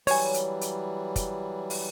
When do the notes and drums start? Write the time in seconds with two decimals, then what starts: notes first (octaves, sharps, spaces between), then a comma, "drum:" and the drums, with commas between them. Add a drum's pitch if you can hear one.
0.07 E3 F#3 G3 C#5 G#5, drum: open hi-hat
0.34 drum: hi-hat
0.61 drum: hi-hat
1.16 drum: kick, hi-hat
1.70 drum: open hi-hat